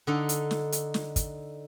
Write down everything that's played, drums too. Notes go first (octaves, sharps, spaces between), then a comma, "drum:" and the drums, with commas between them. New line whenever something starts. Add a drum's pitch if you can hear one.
D3 D#4 A4
drum: hi-hat
drum: snare
drum: hi-hat
drum: snare
drum: kick, hi-hat